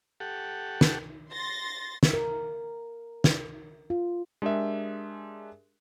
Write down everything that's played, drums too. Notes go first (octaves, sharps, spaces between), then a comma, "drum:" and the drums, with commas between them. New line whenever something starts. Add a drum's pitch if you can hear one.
G4 A4 F#5
drum: snare
C6 A6 A#6
drum: snare
A#4
drum: snare
F4
G#3 D4 G4 G#4 A#4 E5